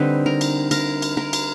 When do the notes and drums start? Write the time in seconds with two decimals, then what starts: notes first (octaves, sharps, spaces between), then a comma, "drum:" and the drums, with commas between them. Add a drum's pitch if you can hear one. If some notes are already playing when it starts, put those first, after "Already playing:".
Already playing: D3 G3 C4 D#4 B4
0.26 A#4
0.41 drum: cymbal
0.71 A#4, drum: cymbal
1.02 drum: cymbal
1.17 A#4
1.33 drum: cymbal